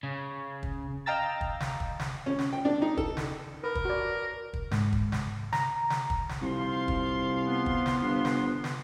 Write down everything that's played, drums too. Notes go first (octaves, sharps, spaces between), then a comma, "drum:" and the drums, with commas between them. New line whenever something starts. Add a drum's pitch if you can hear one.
C#3
drum: kick
D#5 F5 G5 A#5 E6 A6
drum: kick
drum: snare
drum: kick
drum: snare
C#4
drum: snare
G5
D4
D#4
A4, drum: kick
drum: snare
A#4 B4
drum: kick
F#4 D5
drum: kick
G#2, drum: snare
drum: kick
drum: snare
A#5, drum: snare
drum: snare
drum: kick
drum: snare
C2 F3 F5 C6
drum: kick
B3
drum: kick
drum: snare
G1
drum: snare
drum: snare